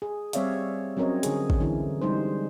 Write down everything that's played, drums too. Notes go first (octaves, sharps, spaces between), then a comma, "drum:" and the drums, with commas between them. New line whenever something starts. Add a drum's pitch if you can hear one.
G#4
G3 C4 C#5 D5 E5 F5, drum: hi-hat
F#3 C4 C#4 A#4 C#5 D#5
D3 G#4, drum: hi-hat
drum: kick
D3 E3 E4 G#4
G3 G#3 D#4 C5